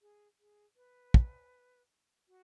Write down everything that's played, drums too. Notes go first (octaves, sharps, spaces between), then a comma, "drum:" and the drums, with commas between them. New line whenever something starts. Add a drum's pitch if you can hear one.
G#4
G#4
B4
drum: kick
F#4